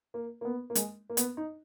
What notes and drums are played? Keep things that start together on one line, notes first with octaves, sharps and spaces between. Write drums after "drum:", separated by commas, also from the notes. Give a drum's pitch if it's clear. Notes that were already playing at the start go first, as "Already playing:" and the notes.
A#3
A#3
B3
A#3
G#3, drum: hi-hat
A#3
B3, drum: hi-hat
D#4